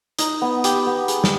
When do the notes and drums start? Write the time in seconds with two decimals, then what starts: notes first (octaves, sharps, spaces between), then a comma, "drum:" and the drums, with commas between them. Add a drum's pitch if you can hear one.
0.19 D#4, drum: hi-hat
0.41 B3
0.64 G4, drum: hi-hat
0.87 B3
1.08 G#4, drum: hi-hat
1.24 drum: snare